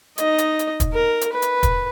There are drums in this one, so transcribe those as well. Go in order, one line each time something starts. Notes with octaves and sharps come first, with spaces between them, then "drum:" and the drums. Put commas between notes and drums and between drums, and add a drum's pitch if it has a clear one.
D#4 D#5, drum: hi-hat
drum: hi-hat
drum: hi-hat
drum: kick, hi-hat
A#4
drum: hi-hat
B4
drum: hi-hat
drum: kick, hi-hat